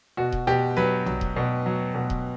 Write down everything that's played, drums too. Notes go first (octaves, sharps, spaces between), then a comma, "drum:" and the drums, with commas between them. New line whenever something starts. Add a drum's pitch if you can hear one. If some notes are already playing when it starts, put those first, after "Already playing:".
B2 F#4
drum: kick D#1
B2 G4
F#3 B4
F#3, drum: tom
drum: kick D#1
B2
F#3
B2
drum: kick D#1